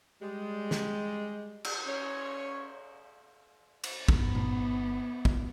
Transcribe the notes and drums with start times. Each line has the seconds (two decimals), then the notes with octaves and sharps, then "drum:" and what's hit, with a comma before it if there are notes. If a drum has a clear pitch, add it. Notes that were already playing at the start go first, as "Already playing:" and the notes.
0.22 G3 G#3
0.71 drum: snare
1.64 drum: cymbal
1.87 C#4 C#5
3.84 drum: cymbal
4.08 G1 B3 D#4, drum: kick
4.35 drum: tom A#2
5.25 drum: kick